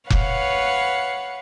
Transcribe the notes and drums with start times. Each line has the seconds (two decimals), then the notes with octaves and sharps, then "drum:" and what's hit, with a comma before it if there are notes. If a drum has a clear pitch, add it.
0.10 B4 C#5 F5 F#5, drum: kick F1